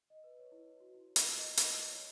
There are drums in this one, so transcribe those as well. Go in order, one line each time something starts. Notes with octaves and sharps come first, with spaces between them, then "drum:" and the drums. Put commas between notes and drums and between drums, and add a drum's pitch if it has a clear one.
D#5
B4
C#5
E4
F#4
E4
E4, drum: hi-hat
D#5
D#5, drum: hi-hat
D#5
C#5